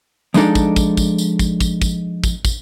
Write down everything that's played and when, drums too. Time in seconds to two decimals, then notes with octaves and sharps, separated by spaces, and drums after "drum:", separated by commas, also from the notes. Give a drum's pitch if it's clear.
0.34 F3 G#3 D4 D#4 A4 D5, drum: tambourine
0.55 drum: kick, tambourine
0.76 drum: kick, tambourine
0.97 drum: kick, tambourine
1.18 drum: tambourine
1.39 drum: kick, tambourine
1.60 drum: kick, tambourine
1.82 drum: kick, tambourine
2.24 drum: kick, tambourine
2.45 drum: kick, tambourine